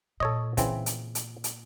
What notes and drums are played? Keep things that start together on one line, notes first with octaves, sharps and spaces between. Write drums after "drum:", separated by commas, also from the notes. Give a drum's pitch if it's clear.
A#2 A4 C#5 D#5
C#3 E3 C4, drum: kick, hi-hat
drum: hi-hat
drum: hi-hat
drum: hi-hat